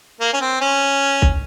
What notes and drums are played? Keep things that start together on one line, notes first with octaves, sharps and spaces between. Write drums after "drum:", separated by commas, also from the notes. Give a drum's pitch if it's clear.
A#3
C#4
C4
C#4
drum: kick